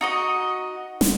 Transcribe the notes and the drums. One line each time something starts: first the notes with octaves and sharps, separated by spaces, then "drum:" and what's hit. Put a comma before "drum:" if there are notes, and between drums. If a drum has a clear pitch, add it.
D#4 F#4 D#5
drum: snare